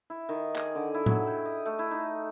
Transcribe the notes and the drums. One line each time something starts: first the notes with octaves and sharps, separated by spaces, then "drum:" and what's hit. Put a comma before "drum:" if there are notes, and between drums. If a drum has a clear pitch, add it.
E4
D#3
G#4, drum: clap
D3
E4
F#3, drum: tom A2
G5
D#5
A3
E4
D#4